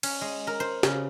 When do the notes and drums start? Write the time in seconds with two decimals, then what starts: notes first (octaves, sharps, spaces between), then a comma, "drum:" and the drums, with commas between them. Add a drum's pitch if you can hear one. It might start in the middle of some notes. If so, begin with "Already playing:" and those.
0.03 C#4, drum: cymbal
0.21 G#3
0.47 A#4
0.60 C5
0.83 C#3, drum: snare